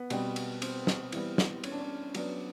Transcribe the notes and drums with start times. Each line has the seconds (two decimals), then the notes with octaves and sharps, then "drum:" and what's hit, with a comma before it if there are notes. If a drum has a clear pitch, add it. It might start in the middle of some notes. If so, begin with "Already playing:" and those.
Already playing: B3
0.10 B2 G3 C4, drum: cymbal
0.36 drum: cymbal
0.62 C4, drum: cymbal
0.87 drum: snare
1.12 E3 G3 B3, drum: cymbal
1.38 drum: snare
1.64 C#4, drum: cymbal
1.72 D4
1.81 C#4
2.14 F#3 B3 D4, drum: cymbal